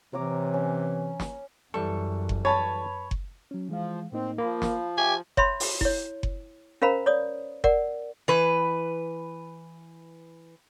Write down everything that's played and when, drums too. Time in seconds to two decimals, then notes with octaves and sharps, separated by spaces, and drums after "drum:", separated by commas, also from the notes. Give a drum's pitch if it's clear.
0.13 C3 E3 C#5 A#5 D6
0.54 C#4
1.20 drum: snare
1.74 F#2 E3 G3 A4 C#6
2.29 drum: kick F#1
2.45 B4 C#5 A5 B5
3.11 drum: kick F#1
3.51 F#3 C#4
3.69 E3 F3 G#3 F5
4.12 A2 A#3 C4 D#4
4.38 F3 A#3 F5 B5
4.62 drum: snare
4.98 G4 E5 G#5 C#6
5.37 C#5 E5 B5 C6, drum: kick F#1
5.60 drum: open hi-hat
5.81 E4 C#5, drum: kick F#1
6.23 drum: kick F#1
6.82 C#4 A#4 C5 F5 A#5 B5
7.06 C#5 D5 D#6
7.64 A#4 D5 F#5, drum: kick F#1
8.28 E3 B4